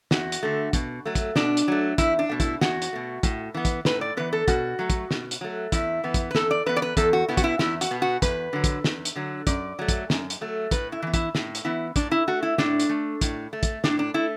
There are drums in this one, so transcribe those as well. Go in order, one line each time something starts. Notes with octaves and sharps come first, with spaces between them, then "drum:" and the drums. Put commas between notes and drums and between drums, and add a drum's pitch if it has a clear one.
E2 F#4, drum: snare
drum: hi-hat
D3 A3
B2, drum: kick, hi-hat
F#3 A3
drum: kick, hi-hat
B2 D4, drum: snare
drum: hi-hat
F#3 A3
E2 E4, drum: kick, hi-hat
D4
B2 A3
E4, drum: kick, hi-hat
E2 F#4, drum: snare
drum: hi-hat
B2 A3
A2, drum: kick, hi-hat
E3 B3
drum: kick, hi-hat
A2 B4, drum: snare
D5
E3 B3 B4
A4
B2 F#4, drum: kick, hi-hat
F#3 A3
drum: kick, hi-hat
B2, drum: snare
drum: hi-hat
F#3 A3
E2 E4, drum: kick, hi-hat
E3 B3
drum: kick, hi-hat
B4
E2 A4, drum: snare
D5
E3 B3 B4
D5
B4
E2 A4, drum: kick, hi-hat
F#4
B2 B3 E4
F#4, drum: kick, hi-hat
E4
E2 E4, drum: snare
F#4, drum: hi-hat
B2 B3
F#4
E2 B4, drum: kick, hi-hat
D3 F#3
drum: kick, hi-hat
E2, drum: snare
drum: hi-hat
D3 F#3
F#2 D5, drum: kick, hi-hat
F#3 A3
drum: kick, hi-hat
F#2, drum: snare
drum: hi-hat
F#3 A3
A2 B4, drum: kick, hi-hat
E4
E3 B3
E4, drum: kick, hi-hat
A2, drum: snare
drum: hi-hat
E3 B3 E4
A2 D4, drum: kick, hi-hat
E4
A3 F#4
E4
A2 D4, drum: snare
drum: hi-hat
A3
A2, drum: kick, hi-hat
A3
drum: kick, hi-hat
A2 D4, drum: snare
D4
A3 E4